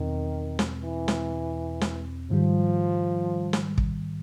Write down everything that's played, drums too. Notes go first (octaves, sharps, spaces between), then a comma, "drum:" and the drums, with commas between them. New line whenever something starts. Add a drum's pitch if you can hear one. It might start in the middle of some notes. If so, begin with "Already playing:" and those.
Already playing: E2 B2 D#3 C4
drum: snare
E3
drum: snare
drum: snare
G#2 D#3 F3 G3
drum: snare
drum: kick